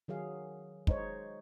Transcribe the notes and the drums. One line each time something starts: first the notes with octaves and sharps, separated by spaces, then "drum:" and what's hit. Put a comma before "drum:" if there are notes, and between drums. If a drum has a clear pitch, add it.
D#3 F#3 G#4 F5
G#3 D#4 C5 C#5, drum: kick